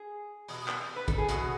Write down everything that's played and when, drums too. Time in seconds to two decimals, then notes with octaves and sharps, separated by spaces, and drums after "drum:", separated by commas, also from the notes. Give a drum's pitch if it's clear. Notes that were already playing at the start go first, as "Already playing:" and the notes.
Already playing: G#4
0.48 E2 B2, drum: open hi-hat
0.68 drum: clap
0.96 B4
1.08 A4, drum: kick, hi-hat
1.18 G#4
1.29 E2 B2 F#4, drum: hi-hat